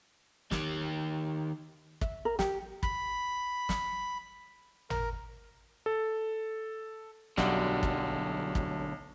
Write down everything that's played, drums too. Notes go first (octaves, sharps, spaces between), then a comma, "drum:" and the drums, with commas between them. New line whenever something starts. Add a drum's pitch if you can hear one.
D#3 G4, drum: snare
E5, drum: kick
A#4
G4, drum: snare
B5, drum: kick
drum: snare
A#4, drum: tom
A4
B1 F#2 D3 F#3 G3 F#4, drum: snare
drum: kick
drum: kick